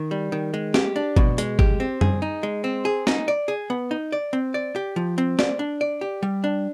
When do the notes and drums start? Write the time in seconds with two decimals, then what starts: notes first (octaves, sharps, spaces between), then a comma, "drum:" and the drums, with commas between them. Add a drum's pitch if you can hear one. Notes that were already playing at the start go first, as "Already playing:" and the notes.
Already playing: D#3
0.11 G3
0.32 D#3
0.54 G#3
0.74 G4, drum: snare
0.96 D4
1.16 B2, drum: kick G1
1.38 G#3, drum: hi-hat
1.59 G4, drum: kick G1
1.80 C4
2.01 G#4, drum: tom F#2
2.22 D#4
2.43 G#3
2.64 C4
2.85 G#4
3.07 D#4, drum: snare
3.28 D5
3.48 G#4
3.70 B3
3.91 D#4
4.12 D5
4.33 C4
4.54 D5
4.76 G4
4.96 F3
5.18 C4
5.39 D5, drum: snare
5.59 D4
5.81 D5
6.01 G4
6.23 G3
6.44 D4